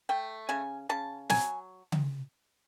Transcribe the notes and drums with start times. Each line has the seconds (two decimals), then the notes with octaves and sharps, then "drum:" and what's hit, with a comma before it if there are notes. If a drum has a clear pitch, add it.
0.09 A3 G5
0.49 C#3 G#5
0.89 C#3 A5
1.30 F#3 G#5, drum: snare
1.92 drum: tom C#3